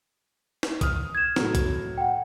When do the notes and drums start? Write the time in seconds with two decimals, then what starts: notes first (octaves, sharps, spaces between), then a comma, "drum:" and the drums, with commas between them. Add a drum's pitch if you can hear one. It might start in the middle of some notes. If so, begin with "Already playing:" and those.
0.63 drum: snare
0.81 D#6 F6, drum: kick, hi-hat
1.15 G#6 E7
1.36 A2 F#3, drum: snare
1.55 drum: kick, hi-hat
1.98 F#5 G5